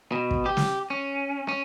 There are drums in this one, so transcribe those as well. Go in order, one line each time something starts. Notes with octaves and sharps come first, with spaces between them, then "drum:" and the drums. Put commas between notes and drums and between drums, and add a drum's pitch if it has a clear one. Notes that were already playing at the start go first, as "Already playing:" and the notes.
B2
drum: kick
G4
drum: snare
C#4
C#4